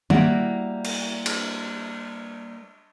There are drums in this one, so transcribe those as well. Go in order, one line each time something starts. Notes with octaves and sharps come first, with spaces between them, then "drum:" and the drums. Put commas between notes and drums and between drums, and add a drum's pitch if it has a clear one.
G3 A#3 E4 F#4 D5, drum: tom D#3
drum: cymbal
drum: cymbal